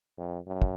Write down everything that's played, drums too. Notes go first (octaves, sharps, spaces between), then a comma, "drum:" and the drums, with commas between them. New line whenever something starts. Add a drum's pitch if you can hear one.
F2
F#2
drum: kick